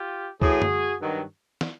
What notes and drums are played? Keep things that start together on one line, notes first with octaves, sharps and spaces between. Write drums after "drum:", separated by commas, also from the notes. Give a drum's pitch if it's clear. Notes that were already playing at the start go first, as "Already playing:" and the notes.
Already playing: F4 G4
A2 E3 F#4 G#4, drum: kick C#2
drum: tom F#2
G2 D#3 F#3
drum: snare